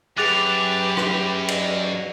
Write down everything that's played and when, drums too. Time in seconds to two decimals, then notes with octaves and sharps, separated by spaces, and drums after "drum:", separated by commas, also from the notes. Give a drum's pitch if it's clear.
0.18 F#2 G4 G#4 B4 D6 F#6 A6 F7
0.97 drum: rim click
1.48 drum: cymbal